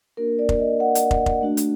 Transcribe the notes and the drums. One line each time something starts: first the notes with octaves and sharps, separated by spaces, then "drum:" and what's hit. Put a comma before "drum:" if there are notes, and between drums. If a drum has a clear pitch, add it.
A#3 D4 F#4 A#4
D5
drum: kick
D#5
F#5
drum: hi-hat
drum: kick
drum: kick
A3 D4 F#4
drum: hi-hat